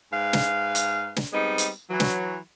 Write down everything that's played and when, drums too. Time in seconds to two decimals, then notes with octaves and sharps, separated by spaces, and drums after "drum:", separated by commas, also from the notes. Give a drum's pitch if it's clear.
0.12 G#2 B4 F5
0.33 drum: snare
0.75 drum: hi-hat
1.16 drum: snare
1.32 G3 G#3 B3 C4 D#4
1.58 drum: hi-hat
1.90 E3 F#3
2.00 drum: snare